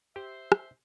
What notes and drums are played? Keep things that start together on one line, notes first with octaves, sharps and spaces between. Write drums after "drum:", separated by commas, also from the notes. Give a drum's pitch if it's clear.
G4 C5 E5
drum: rim click